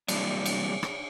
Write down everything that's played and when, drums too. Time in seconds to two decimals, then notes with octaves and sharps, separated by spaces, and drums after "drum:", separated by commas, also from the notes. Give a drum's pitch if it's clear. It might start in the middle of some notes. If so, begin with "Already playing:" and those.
0.08 C3 E3 F#3 G3 A#3 D4, drum: cymbal
0.46 drum: cymbal
0.83 drum: rim click